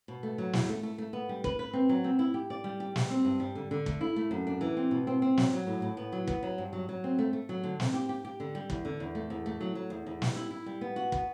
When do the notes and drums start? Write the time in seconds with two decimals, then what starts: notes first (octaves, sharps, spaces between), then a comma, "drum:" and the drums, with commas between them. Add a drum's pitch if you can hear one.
0.08 B2
0.23 A3
0.38 F#3
0.53 E2, drum: snare
0.69 A3
0.83 A3
0.98 A3
1.13 B3
1.29 G3
1.44 B4, drum: kick
1.59 B4
1.73 C4
1.89 F#3
2.04 C4
2.19 E4
2.34 G4
2.50 D5
2.64 G3
2.80 G4
2.96 G3, drum: snare
3.10 C4
3.25 G2
3.40 G3
3.55 D3
3.71 D3
3.86 A3, drum: kick
4.01 E4
4.16 A3
4.31 F#2
4.47 D4
4.61 E3
4.77 C4
4.91 B2
5.07 C4
5.22 C4
5.37 F#3, drum: snare
5.53 F#3
5.67 A2
5.82 A2
5.97 B3
6.13 F#3
6.27 B3, drum: kick
6.43 F#3
6.58 G2
6.73 F#3
6.89 F#3
7.04 C4
7.19 A3
7.33 A3
7.49 F#3
7.64 D3
7.80 C4, drum: snare
7.94 G4
8.09 G4
8.25 G4
8.40 D3
8.55 G3
8.70 E2, drum: kick
8.85 D3
9.00 E2
9.15 A3
9.30 E2
9.46 A3
9.61 F#3
9.75 F#3
9.90 E2
10.07 E2
10.22 G3, drum: snare
10.36 E4
10.51 E4
10.66 G3
10.81 B3
10.96 F#4
11.12 B3, drum: kick